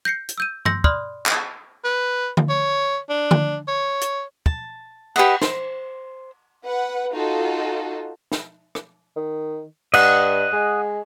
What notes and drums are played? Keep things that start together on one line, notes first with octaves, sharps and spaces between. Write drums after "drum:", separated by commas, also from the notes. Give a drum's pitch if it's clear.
G6 A#6 C7 C#7
drum: hi-hat
E6 G6 D#7
C6 E6 G6 A#6 C#7, drum: tom G2
D5 B5 C6 D#6 F6 F#6, drum: kick
drum: clap
B4
drum: tom D3
C#5
D4
drum: tom D3
C#5
drum: hi-hat
A5, drum: kick
G4 B4 D#5 F#5, drum: cymbal
C5, drum: snare
B4 F#5
D#4 F4 F#4 A4
drum: snare
drum: rim click
D#3
G2 D#5 F#5, drum: cymbal
G#3